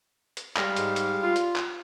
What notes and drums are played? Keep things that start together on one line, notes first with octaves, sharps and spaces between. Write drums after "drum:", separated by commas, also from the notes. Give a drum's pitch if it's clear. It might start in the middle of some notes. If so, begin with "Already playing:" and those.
drum: hi-hat
G3 G#3 F5, drum: clap
G#2, drum: hi-hat
drum: hi-hat
F4
drum: hi-hat
drum: clap